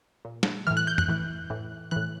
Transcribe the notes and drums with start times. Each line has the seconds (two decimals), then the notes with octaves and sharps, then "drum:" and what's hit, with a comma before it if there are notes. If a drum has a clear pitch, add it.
0.25 A#2
0.43 drum: snare
0.67 A2 E3 F6
0.77 F#6
0.87 G6
0.98 F#6, drum: tom F2
1.08 A2 E3
1.50 A2 E3
1.91 A2 E3 F#6